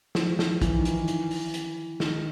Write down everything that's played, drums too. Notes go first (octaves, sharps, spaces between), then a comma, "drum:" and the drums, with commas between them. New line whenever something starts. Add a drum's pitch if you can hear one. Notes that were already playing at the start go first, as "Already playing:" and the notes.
F3, drum: snare
F3, drum: snare
E3, drum: kick, hi-hat
D#3
E3, drum: hi-hat
drum: hi-hat
drum: open hi-hat
drum: hi-hat
D#3, drum: snare